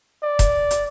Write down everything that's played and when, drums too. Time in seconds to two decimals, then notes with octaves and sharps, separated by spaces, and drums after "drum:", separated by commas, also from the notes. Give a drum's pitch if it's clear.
0.23 D5
0.39 drum: kick E1, hi-hat
0.71 drum: hi-hat